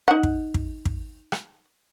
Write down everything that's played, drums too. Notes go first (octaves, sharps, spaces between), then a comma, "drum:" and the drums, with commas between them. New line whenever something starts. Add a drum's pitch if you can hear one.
D#4 F#5
drum: kick
drum: kick
drum: kick
drum: rim click